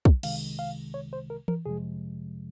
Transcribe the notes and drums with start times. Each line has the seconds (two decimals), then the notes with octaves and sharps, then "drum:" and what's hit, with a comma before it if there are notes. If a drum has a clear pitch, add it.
0.05 drum: kick
0.23 C2 C3 D#3 G#3 F5, drum: cymbal
0.59 F5
0.94 C#5
1.13 C5
1.30 A#4
1.48 A#4, drum: tom E3
1.66 F2 C3 F3 G#3 G#4